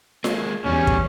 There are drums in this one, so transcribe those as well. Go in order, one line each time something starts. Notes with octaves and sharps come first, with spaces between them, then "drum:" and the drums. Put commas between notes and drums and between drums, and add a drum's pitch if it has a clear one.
G#3 A#3, drum: snare F4
E2 B2 G3 C#4
drum: kick